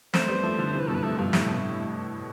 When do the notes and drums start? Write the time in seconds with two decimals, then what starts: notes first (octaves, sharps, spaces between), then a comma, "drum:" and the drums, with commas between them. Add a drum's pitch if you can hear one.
0.14 A3 C4 C5, drum: snare
0.28 G3 B3
0.43 F3 A3
0.58 D3 F3
0.73 C3 E3 C5
0.80 B4
0.87 G2 B2 A4
0.94 B4
1.03 F3 A3 A4
1.18 G2 B2 F4
1.33 A2 C3 E4, drum: snare
1.48 G2 B2